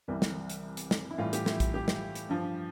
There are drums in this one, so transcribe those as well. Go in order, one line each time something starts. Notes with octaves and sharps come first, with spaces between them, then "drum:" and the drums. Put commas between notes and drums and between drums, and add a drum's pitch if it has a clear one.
C2 C3 E3 G3
drum: snare
drum: hi-hat
drum: hi-hat
drum: snare
E4
A2 E3 G3 F4
G4, drum: hi-hat
E4, drum: snare
drum: kick, hi-hat
G4
drum: snare
drum: hi-hat
G2 F3